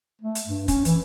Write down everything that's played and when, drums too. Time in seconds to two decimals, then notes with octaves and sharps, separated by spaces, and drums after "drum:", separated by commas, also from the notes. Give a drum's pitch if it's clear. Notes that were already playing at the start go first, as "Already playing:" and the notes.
0.22 A3
0.35 drum: hi-hat
0.47 G2
0.68 C#4, drum: kick, hi-hat
0.85 E3, drum: hi-hat